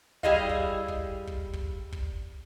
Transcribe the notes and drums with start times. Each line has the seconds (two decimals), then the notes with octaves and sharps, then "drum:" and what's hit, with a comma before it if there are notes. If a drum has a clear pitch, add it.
0.23 G3 E4 G#4 D#5 F5, drum: kick
0.49 drum: kick
0.88 drum: kick
1.27 drum: kick
1.53 drum: kick
1.92 drum: kick